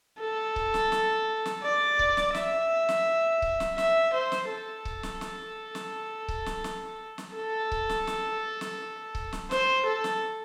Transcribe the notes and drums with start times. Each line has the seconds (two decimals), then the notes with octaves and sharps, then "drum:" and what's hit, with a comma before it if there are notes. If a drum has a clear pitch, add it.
0.21 A4
0.56 drum: kick C#1
0.74 drum: snare
0.92 drum: snare
1.46 drum: snare
1.63 D5
1.99 drum: kick C#1
2.17 drum: snare
2.35 E5, drum: snare
2.89 drum: snare
3.42 drum: kick C#1
3.60 drum: snare
3.78 E5, drum: snare
4.13 C5
4.32 drum: snare
4.50 A4
4.85 drum: kick C#1
5.03 drum: snare
5.21 drum: snare
5.75 drum: snare
6.28 drum: kick C#1
6.46 drum: snare
6.64 drum: snare
7.18 drum: snare
7.36 A4
7.72 drum: kick C#1
7.89 drum: snare
8.07 drum: snare
8.61 drum: snare
9.15 drum: kick C#1
9.33 drum: snare
9.51 C5, drum: snare
9.86 A4
10.04 drum: snare